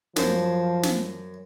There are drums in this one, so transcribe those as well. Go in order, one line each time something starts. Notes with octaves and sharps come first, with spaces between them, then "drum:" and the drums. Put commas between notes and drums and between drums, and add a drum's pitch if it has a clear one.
F#2 F3 C5, drum: snare
drum: snare